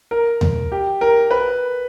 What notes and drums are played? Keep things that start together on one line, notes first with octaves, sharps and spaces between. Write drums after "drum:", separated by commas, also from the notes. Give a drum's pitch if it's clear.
A#4
drum: tom D#2
G4
A#4
B4